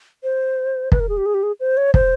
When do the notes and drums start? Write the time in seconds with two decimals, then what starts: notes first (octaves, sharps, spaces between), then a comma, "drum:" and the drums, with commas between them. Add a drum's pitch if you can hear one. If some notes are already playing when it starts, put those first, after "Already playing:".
0.23 C5
0.92 B4, drum: kick
1.00 A#4
1.09 G#4
1.17 G4
1.26 G#4
1.34 G4
1.43 G#4
1.60 C5
1.77 C#5
1.94 C5, drum: kick